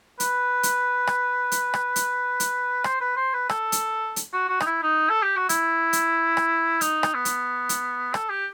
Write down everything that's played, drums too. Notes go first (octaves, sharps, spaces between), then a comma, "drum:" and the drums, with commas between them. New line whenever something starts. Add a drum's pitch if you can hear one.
B4, drum: hi-hat
drum: hi-hat
drum: rim click
drum: hi-hat
drum: rim click
drum: hi-hat
drum: hi-hat
C5, drum: rim click
B4
C5
B4
A4, drum: rim click
drum: hi-hat
drum: hi-hat
F#4
F#4
D#4, drum: rim click
E4
D#4
A4
G4
F#4
E4, drum: hi-hat
drum: hi-hat
drum: rim click
D#4, drum: hi-hat
drum: rim click
B3
drum: hi-hat
drum: hi-hat
A4, drum: rim click
G4